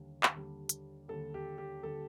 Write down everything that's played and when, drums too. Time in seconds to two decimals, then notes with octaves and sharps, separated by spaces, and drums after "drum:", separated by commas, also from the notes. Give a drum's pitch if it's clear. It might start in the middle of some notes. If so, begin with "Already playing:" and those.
Already playing: D#2 D3 G3
0.23 drum: clap
0.34 D#2 D3 G3
0.69 drum: hi-hat
1.08 D#2 D3 G3 A4
1.34 G4
1.58 G4
1.83 D3 G3 A4